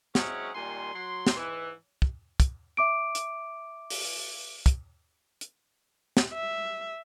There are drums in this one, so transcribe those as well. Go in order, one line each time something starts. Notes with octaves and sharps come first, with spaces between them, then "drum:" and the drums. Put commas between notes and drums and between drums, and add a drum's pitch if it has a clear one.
F#3 G#3 C4 C#4 E4 G#4, drum: snare
A#2 D#3 G3 G#5 C6
F#3 C6
drum: snare
G#2 E3
drum: kick
drum: kick, hi-hat
E5 D6 D7
drum: hi-hat
drum: open hi-hat
drum: kick, hi-hat
drum: hi-hat
drum: snare
E5